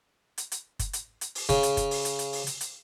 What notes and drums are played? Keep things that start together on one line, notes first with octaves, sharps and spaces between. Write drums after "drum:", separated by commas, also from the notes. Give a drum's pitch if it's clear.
drum: hi-hat
drum: hi-hat
drum: kick F#1, hi-hat
drum: hi-hat
drum: hi-hat
drum: open hi-hat
C#3, drum: kick F#1, hi-hat
drum: hi-hat
drum: kick F#1, hi-hat
drum: open hi-hat
drum: hi-hat
drum: hi-hat
drum: open hi-hat
drum: hi-hat
drum: hi-hat